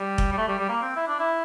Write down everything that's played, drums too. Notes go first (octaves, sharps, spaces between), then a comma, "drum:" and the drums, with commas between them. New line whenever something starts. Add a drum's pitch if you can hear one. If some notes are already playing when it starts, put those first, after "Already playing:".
Already playing: G3
drum: kick F1
G3
A3
G3
G3
A#3
C4
E4
D4
E4